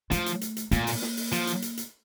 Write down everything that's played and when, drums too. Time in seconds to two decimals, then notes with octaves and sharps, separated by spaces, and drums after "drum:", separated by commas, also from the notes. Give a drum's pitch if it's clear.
0.11 F3 A3, drum: hi-hat
0.26 drum: hi-hat
0.41 drum: hi-hat
0.57 drum: hi-hat
0.71 A#2 A#3, drum: hi-hat
0.87 drum: open hi-hat
1.02 drum: snare
1.17 drum: open hi-hat
1.32 F3, drum: hi-hat
1.47 drum: hi-hat
1.62 drum: hi-hat
1.77 drum: hi-hat